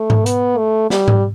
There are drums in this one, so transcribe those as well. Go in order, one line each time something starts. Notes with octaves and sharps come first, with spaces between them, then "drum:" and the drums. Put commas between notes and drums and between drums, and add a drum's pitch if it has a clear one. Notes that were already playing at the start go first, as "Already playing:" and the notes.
Already playing: A3
drum: tom G#2
B3, drum: hi-hat
A3
G3, drum: snare
drum: tom G#2